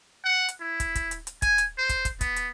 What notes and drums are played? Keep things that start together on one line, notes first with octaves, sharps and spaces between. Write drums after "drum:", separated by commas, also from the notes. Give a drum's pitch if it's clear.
F#5
drum: hi-hat
E4
drum: kick, hi-hat
drum: kick, hi-hat
drum: hi-hat
drum: hi-hat
G#5, drum: kick, hi-hat
drum: hi-hat
C5
drum: kick, hi-hat
drum: kick, hi-hat
B3, drum: kick, hi-hat
drum: hi-hat